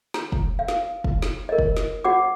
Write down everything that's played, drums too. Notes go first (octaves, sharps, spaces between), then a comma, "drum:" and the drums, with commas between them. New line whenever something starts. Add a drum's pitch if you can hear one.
A#5, drum: snare
drum: kick
F5
drum: snare
drum: kick
drum: snare
A#4 D#5
drum: kick
drum: snare
F#4 F#5 D6